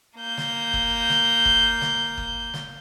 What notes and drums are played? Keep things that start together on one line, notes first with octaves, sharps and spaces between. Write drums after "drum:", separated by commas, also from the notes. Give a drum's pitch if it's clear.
A#3 G6
drum: snare
drum: kick
drum: snare
drum: kick
drum: snare
drum: kick
drum: snare